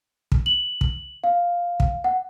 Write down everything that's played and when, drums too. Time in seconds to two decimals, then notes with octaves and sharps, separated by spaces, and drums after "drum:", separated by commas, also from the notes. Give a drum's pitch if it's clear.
0.32 drum: kick
0.46 F#7
0.81 drum: kick
1.24 F5
1.80 drum: kick
2.04 F#5